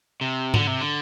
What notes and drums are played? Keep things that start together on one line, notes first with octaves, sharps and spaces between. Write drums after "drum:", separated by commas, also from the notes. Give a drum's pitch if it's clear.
C3
D3, drum: tom G#2
C3
D3